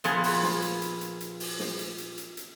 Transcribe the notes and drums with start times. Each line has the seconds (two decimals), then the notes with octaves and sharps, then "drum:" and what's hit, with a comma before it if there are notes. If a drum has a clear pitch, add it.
0.04 A#2 F3 B3 G#4, drum: hi-hat
0.23 drum: open hi-hat
0.43 drum: snare
0.62 drum: hi-hat
0.82 drum: hi-hat
1.01 drum: hi-hat
1.21 drum: hi-hat
1.40 drum: open hi-hat
1.59 drum: snare
1.79 drum: hi-hat
1.98 drum: hi-hat
2.18 drum: hi-hat
2.37 drum: hi-hat